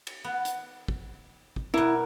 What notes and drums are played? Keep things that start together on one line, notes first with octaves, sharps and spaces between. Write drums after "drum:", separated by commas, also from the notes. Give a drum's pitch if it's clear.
drum: cymbal
B3
drum: hi-hat
drum: kick
drum: kick
B2 G3 E4 A#4